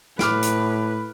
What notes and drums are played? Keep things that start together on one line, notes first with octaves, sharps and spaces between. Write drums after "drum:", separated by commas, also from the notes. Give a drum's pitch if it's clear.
A2 B4 D6 F6 D7, drum: snare
drum: hi-hat